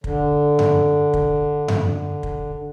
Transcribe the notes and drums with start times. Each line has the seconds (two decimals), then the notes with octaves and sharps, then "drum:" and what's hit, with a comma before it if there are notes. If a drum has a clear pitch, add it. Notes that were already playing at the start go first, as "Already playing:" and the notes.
0.04 D3, drum: kick
0.59 drum: tom F#2
1.14 drum: kick
1.68 drum: tom F#2
1.79 D3
2.23 drum: kick